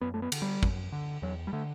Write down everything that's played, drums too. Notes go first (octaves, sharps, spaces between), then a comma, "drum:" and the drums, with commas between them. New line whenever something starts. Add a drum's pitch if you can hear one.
F#2 B3
A3
B3
D3, drum: cymbal
G3
F#2, drum: kick
D3
E2 F#3
G3
D3 A3